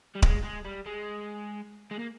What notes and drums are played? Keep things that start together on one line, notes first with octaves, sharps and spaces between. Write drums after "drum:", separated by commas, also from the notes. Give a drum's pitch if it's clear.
G3
G#3, drum: kick D1
G#3
G3
G#3
G#3
A#3